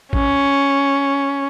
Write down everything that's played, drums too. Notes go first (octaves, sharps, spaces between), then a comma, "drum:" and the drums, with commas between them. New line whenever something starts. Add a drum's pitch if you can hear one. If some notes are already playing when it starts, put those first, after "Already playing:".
C#4, drum: kick